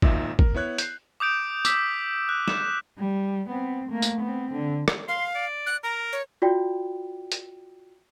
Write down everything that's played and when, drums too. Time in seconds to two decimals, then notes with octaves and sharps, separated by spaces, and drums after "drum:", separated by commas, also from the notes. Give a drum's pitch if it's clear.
0.02 G#1 A#2 D#4 E5, drum: kick
0.39 A#4, drum: kick
0.54 B3 E4 C#5 F#6 G#6
0.78 G6 C7, drum: hi-hat
1.20 D6 D#6 G6 D7
1.65 D6 E6 B6, drum: tambourine
2.29 F#6
2.48 E7, drum: snare
2.98 G3
3.49 B3 C4
3.88 A3 A#3
4.02 drum: tambourine
4.21 B3 C4
4.52 D3
4.88 drum: rim click
5.08 F5 C6
5.35 D5
5.66 F#6
5.84 A#4 A#5
6.13 C#5
6.42 F4 F#4 D5 G5
7.32 drum: hi-hat